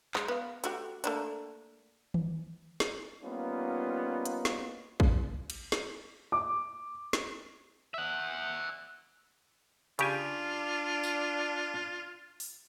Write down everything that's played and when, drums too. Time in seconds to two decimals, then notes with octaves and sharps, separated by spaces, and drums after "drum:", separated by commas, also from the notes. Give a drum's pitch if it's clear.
0.15 G#3, drum: clap
0.28 B3 F5
0.64 A3 F#4 G4, drum: hi-hat
1.04 A3 A#3 D4, drum: hi-hat
2.14 drum: tom D#3
2.80 drum: snare
3.23 G3 A#3 B3 C#4 D#4 F4
4.25 drum: hi-hat
4.45 drum: snare
5.00 drum: kick
5.50 drum: cymbal
5.72 drum: snare
6.32 D6
7.13 drum: snare
7.94 E5 F#5
9.99 C#3 D4 F4 G4 G#5, drum: hi-hat
11.04 drum: tambourine
12.40 drum: open hi-hat